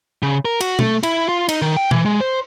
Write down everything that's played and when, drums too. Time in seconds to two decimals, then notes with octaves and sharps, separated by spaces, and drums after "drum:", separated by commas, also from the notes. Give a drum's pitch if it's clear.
0.23 C#3
0.45 A#4
0.61 F#4, drum: cymbal
0.79 A3, drum: tom B2
1.03 E4, drum: cymbal
1.29 F4
1.49 D#4, drum: cymbal
1.62 D#3
1.77 G5
1.91 E3, drum: tom B2
2.05 G#3
2.20 C5